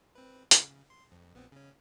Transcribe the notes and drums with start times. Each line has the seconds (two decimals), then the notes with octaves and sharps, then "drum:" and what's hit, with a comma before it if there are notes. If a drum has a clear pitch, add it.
0.15 C4 B4
0.51 C#3, drum: hi-hat
0.90 C6
1.12 F2
1.35 A#1 B3 C4
1.52 C#3 C#4